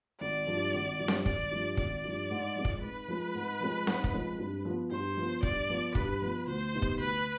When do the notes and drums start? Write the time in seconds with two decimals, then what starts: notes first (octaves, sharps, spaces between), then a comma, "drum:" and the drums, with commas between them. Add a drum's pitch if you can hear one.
0.21 G#1 D5
0.47 G2 F3
0.74 G#1
0.99 G2 F3
1.08 drum: snare C4
1.26 G#1 D5, drum: kick
1.51 G2 F3
1.77 G#1 D5, drum: kick
2.04 G2 F3
2.31 G#2
2.56 F3 G#3 C4
2.65 drum: kick
2.82 G#2 B4
3.08 F3 G#3 C4
3.35 G#2
3.61 F3 G#3 C4
3.87 G#2, drum: snare C4
4.04 drum: kick
4.13 F3 G#3 C4
4.39 G2
4.65 F3 B3
4.91 G2 C5
5.17 F3 B3
5.43 G2 D5, drum: kick
5.70 F3 B3
5.95 G2 B4, drum: kick
6.22 F3 B3
6.47 D2 C5
6.73 C3 G3 B3 D#4
6.82 drum: kick
6.99 D2 B4